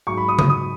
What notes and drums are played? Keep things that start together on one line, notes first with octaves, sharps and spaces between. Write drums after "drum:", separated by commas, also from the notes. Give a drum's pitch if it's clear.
G#2 F#3 C#6
B5
D#6
D#6, drum: tom C#3
D#6